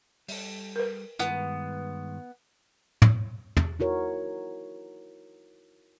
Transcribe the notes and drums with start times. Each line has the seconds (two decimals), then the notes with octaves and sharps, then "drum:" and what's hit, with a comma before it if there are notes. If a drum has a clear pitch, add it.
0.28 G3 A4, drum: open hi-hat
0.76 A#4 B4
1.20 G2 D#3 G#3 B3, drum: hi-hat
3.02 drum: tom
3.57 drum: tom
3.79 D#4 E4 F#4 A#4 C#5